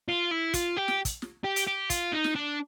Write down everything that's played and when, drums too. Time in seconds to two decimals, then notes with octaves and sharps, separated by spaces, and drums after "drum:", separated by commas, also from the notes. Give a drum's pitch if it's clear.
0.08 F4
0.31 E4
0.54 F4, drum: kick, hi-hat
0.77 G4
0.88 drum: snare
1.05 drum: kick, hi-hat
1.22 drum: snare
1.44 G4
1.56 drum: hi-hat
1.67 G4
1.90 F4, drum: kick, hi-hat
2.13 D#4
2.24 drum: snare
2.36 D4